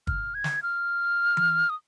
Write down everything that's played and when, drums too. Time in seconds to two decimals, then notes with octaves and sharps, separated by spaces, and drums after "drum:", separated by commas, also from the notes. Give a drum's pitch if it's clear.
0.07 F6, drum: kick
0.35 G#6
0.44 drum: snare
0.63 F6
1.37 drum: tom E3
1.70 D#6